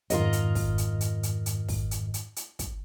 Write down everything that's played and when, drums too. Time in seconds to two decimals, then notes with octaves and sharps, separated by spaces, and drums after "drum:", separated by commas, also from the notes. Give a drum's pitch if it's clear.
0.10 F2 G#2 D#3 F4 A#4 D#5, drum: hi-hat
0.33 drum: hi-hat
0.55 drum: kick, open hi-hat
0.78 drum: hi-hat
1.01 drum: hi-hat
1.23 drum: hi-hat
1.46 drum: hi-hat
1.69 drum: kick, open hi-hat
1.91 drum: hi-hat
2.14 drum: hi-hat
2.36 drum: hi-hat
2.59 drum: kick, hi-hat